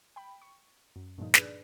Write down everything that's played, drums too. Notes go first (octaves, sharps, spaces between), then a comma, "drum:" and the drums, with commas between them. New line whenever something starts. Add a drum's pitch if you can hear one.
G5 B5
C#6
F#2
G2 A#2 D3 F3 D#4
D4 G#4 B4 D5, drum: snare